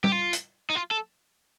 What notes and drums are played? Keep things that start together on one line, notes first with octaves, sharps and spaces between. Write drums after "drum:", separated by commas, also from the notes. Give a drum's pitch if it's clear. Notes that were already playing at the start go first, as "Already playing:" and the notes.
G4, drum: tom
F4
drum: hi-hat
D#4
F4
A4